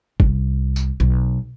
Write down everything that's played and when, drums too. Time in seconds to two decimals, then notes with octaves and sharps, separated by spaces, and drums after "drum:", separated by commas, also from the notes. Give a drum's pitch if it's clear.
0.20 C2, drum: kick
0.76 drum: tambourine
1.00 B1